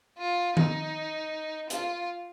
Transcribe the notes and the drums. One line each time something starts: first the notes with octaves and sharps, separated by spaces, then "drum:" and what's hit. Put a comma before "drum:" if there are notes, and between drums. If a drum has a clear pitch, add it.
F4
D#4, drum: tom D#3
F4, drum: hi-hat